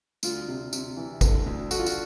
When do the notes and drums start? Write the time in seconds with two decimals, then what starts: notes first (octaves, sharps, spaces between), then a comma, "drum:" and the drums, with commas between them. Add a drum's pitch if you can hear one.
0.23 D2 F4, drum: tambourine
0.48 C3
0.73 C3, drum: tambourine
0.97 E3
1.21 D3, drum: kick G#1, tambourine
1.46 D2
1.71 D3 F#4, drum: tambourine
1.79 F4
1.86 F#4, drum: tambourine